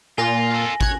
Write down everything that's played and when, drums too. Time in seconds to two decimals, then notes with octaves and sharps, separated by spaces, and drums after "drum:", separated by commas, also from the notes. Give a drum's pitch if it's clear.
0.18 A#2 F4 G#5 A#6
0.51 F4 A4
0.81 C#5 F#6 G#6, drum: kick